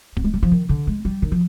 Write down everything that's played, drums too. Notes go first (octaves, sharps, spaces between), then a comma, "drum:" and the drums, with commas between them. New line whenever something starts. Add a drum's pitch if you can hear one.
B3, drum: kick D1
G#3
G3
F3
D#3
D3
G#3
G3
D#3
F3